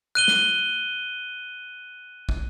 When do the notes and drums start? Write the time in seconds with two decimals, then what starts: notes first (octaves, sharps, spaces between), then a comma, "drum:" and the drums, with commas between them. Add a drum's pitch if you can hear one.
0.15 F#6 D#7 G7
0.28 drum: snare
2.29 drum: kick